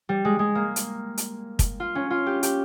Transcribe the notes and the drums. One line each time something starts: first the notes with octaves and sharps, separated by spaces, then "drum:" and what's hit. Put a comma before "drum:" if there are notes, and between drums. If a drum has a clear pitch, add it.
G3
G#3
G#3
A#3
drum: hi-hat
drum: hi-hat
drum: kick, hi-hat
F4
C#4
F4
G4
G4, drum: hi-hat